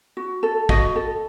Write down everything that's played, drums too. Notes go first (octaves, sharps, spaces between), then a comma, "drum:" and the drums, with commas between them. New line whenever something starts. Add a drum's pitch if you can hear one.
F#4
A4
F#4 D#5, drum: kick
A4